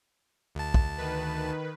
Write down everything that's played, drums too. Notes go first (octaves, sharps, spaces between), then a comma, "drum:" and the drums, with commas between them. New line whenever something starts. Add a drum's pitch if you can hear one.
D2 A5
drum: kick
D#3 B4